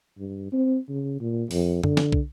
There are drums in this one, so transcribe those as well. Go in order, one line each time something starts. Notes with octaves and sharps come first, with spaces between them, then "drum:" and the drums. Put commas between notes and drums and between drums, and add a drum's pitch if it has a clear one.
G2
C4
C#3
A#2
F2, drum: open hi-hat
D3, drum: tom F#2
drum: snare
drum: kick